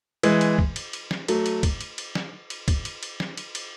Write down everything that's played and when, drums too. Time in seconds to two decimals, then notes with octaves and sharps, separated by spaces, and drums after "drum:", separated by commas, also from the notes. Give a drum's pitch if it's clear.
0.23 E3 G#3, drum: cymbal
0.41 drum: cymbal
0.58 drum: kick
0.76 drum: cymbal
0.93 drum: cymbal
1.11 drum: snare
1.28 F#3 A3, drum: cymbal
1.46 drum: cymbal
1.63 drum: kick, cymbal
1.81 drum: cymbal
1.98 drum: cymbal
2.15 drum: snare
2.50 drum: cymbal
2.68 drum: kick, cymbal
2.85 drum: cymbal
3.03 drum: cymbal
3.20 drum: snare
3.37 drum: cymbal
3.55 drum: cymbal